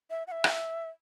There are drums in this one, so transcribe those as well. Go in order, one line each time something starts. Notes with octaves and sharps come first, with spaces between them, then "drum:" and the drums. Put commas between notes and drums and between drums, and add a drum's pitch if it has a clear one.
E5
F#5
E5
drum: rim click